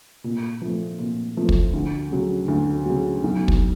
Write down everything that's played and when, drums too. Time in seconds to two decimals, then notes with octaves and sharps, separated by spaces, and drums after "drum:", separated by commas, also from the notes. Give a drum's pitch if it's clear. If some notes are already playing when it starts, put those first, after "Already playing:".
0.24 A#2
0.62 F3 A3
0.99 A#2
1.37 F3 A3
1.49 drum: kick
1.74 D2
2.11 C#3 F#3
2.48 D2
2.85 C#3 F#3
3.23 B1
3.48 drum: kick